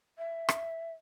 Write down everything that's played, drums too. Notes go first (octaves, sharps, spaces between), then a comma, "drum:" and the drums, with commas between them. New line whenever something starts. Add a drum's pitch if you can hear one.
E5
drum: rim click